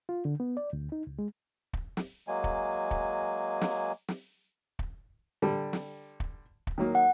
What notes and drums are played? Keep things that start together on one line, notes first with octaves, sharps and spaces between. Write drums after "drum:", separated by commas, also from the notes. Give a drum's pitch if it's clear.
F4
D3
B3
D5
D2
D#4
C#2
G#3
drum: kick
drum: snare
F#3 G#3 A#3 G#5
drum: kick
drum: kick
drum: snare
drum: snare
drum: kick
D3 G3
drum: snare
drum: kick
drum: kick
D#3 F#3 A#3
F#5